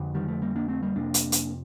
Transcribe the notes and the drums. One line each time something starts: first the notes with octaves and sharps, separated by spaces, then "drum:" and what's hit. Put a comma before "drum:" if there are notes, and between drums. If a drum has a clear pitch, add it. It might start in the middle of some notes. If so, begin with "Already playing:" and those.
Already playing: F2 D3
D#3 G3
F3 A3
G3 A#3
A#3 D4
A3 C4
G3 A#3
F2 C3 A#3 D4
drum: hi-hat
drum: hi-hat